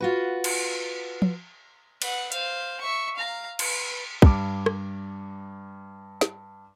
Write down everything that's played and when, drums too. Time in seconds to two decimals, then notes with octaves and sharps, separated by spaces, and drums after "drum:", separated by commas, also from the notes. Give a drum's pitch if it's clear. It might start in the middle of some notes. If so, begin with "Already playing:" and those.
0.01 F4 F#4 B4
0.44 drum: cymbal
1.22 drum: tom
2.02 B4 F#5, drum: cymbal
2.32 C5 F5, drum: hi-hat
2.81 E5 C#6
3.17 F5 A#5
3.59 B4, drum: cymbal
4.22 G2 D6, drum: kick
4.66 drum: rim click
6.21 drum: snare